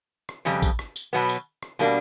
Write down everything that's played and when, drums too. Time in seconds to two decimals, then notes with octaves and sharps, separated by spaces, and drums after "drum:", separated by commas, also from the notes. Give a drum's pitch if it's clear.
0.29 drum: rim click
0.45 F2 C#3 G3
0.62 drum: kick A#1, tambourine
0.79 drum: rim click
0.96 drum: tambourine
1.13 B2 F#3 B3
1.29 drum: tambourine
1.63 drum: rim click
1.79 B2 G3 A#3 D4